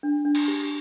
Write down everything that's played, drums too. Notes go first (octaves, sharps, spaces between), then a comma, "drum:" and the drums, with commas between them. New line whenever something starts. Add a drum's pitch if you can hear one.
D4
D4
drum: cymbal
G4